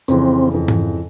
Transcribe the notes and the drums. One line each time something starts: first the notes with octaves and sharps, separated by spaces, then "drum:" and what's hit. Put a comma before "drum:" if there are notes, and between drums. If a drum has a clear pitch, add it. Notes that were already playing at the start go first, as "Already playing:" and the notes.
F2 C#3 E3 C4, drum: tambourine
F2 C#3 E3
drum: tom G#2